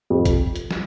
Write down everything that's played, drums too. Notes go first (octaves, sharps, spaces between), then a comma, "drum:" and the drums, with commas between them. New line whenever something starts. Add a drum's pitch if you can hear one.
F2
drum: kick A#1, hi-hat
drum: hi-hat
drum: snare